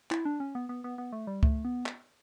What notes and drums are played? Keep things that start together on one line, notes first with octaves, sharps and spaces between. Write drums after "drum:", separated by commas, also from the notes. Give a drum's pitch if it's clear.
E4, drum: clap
D4
C#4
B3
B3
B3
B3
A3
G3
A3, drum: kick C#2
B3
drum: clap